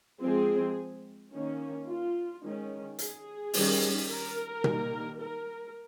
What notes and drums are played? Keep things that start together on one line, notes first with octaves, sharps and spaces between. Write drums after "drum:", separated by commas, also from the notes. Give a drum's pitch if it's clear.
F3 G#3 C4 G#4
D#3 A#3 C#4
F4
D#3 G#3 C#4
G#4, drum: hi-hat
D#3 G3 C#4, drum: open hi-hat
A#4
D#3 G3 A#3, drum: tom B2
A#4